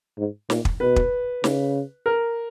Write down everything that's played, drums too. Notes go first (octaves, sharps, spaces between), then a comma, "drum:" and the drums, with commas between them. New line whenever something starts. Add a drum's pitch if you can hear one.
G#2
A#2, drum: snare
drum: kick
B2 B4
drum: kick
C#3, drum: snare
A#4